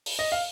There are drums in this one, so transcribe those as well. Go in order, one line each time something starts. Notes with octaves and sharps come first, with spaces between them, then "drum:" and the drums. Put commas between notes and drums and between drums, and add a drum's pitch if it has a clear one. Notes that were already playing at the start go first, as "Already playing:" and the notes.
drum: open hi-hat
D#5
F5